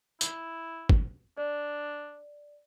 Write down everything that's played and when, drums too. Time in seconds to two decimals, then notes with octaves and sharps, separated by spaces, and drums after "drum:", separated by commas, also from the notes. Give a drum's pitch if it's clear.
0.21 E4, drum: tambourine
0.89 drum: kick
1.37 D4 D5